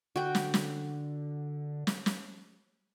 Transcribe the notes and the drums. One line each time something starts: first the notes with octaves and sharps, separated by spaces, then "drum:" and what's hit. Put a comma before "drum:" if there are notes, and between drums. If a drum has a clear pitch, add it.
D3 F#4 G5
drum: snare
drum: snare
drum: snare
drum: snare